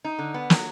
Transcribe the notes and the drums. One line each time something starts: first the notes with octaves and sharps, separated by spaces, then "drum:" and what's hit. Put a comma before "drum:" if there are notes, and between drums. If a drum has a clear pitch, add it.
D#4
D3
B3
F#3, drum: snare